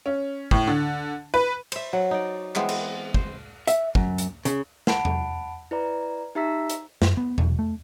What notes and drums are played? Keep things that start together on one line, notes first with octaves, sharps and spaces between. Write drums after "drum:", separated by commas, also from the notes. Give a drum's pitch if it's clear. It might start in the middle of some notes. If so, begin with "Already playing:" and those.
C#4
A2, drum: kick
D3
B4
C5 E5, drum: cymbal
F#3 F#5
D#4 D5
E3 G#3 B3 C4, drum: clap
drum: cymbal
C5, drum: kick
E5, drum: hi-hat
F#2, drum: kick
drum: hi-hat
C#3, drum: hi-hat
F#5 A5 B5 D7, drum: snare
drum: tom E2
E4 B4 D5 A#5
D#4 G4 E5 A#5 E6 B6
drum: hi-hat
F#2, drum: snare
B3
E1, drum: tom E2
A3